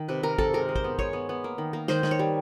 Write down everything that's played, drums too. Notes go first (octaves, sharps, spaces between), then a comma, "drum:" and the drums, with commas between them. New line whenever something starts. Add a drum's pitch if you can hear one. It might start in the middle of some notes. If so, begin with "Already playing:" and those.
Already playing: D#3
C3 B4
C3 A#4
C3 A4, drum: kick
G#3 A#4
G#3
C5, drum: kick
B3
G#3 C#5, drum: kick
B3
B3
A#3
D#3
A#3
D#3 C5, drum: snare
D#3, drum: snare
C#5
G3